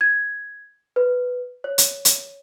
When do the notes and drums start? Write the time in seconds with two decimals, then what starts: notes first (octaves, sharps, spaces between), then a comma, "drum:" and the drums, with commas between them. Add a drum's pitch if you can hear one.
0.01 G#6
0.96 B4
1.64 C#5
1.78 drum: hi-hat
2.05 drum: hi-hat